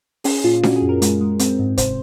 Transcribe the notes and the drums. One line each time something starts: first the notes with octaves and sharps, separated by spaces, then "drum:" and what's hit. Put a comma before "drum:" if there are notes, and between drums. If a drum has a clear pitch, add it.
C#4 G#4, drum: open hi-hat
A#2 F4
C#4 F#4, drum: snare D4
G#4
F#2
A#4
G#3, drum: hi-hat
G#3
C4, drum: hi-hat
G#2
C3 C5, drum: kick, hi-hat